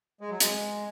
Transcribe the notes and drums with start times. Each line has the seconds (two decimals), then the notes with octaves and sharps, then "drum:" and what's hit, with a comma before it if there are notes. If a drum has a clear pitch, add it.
0.21 G#3
0.30 F#3
0.40 G#3, drum: hi-hat